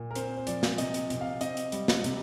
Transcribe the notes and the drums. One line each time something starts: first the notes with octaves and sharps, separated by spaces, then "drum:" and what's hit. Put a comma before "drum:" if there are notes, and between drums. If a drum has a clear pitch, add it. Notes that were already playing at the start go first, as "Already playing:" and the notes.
Already playing: A#2
A#4
C4 C5, drum: hi-hat
C5
F3 D5, drum: hi-hat
drum: snare
C3 D#5, drum: hi-hat
drum: hi-hat
C3, drum: hi-hat
F5
C4 D#5, drum: hi-hat
drum: hi-hat
G3, drum: hi-hat
drum: snare
C3, drum: hi-hat